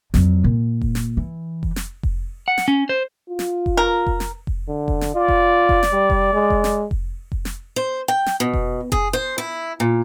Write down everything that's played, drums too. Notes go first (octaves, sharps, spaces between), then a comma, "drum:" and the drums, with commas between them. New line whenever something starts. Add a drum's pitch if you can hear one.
F2 F#3, drum: snare
A#2
drum: kick F1
drum: snare
E3
drum: kick F1
drum: snare
drum: kick F1
F#5
drum: snare
C#4
C5
F4
drum: snare
drum: kick F1
A#4
drum: kick F1
drum: snare
drum: kick F1
D3
drum: kick F1
drum: snare
F4 D5
drum: kick F1
drum: kick F1
drum: snare
G3
drum: kick F1
G#3
drum: kick F1
drum: snare
drum: kick F1
drum: kick F1
drum: snare
C5
G5
drum: snare
B2
drum: kick F1
G#4, drum: kick F1
C5
E4
A#2